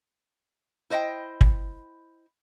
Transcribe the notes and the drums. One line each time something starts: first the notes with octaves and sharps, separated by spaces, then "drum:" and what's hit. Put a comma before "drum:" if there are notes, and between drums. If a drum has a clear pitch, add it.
E4 C5 D#5 F5 G5
drum: kick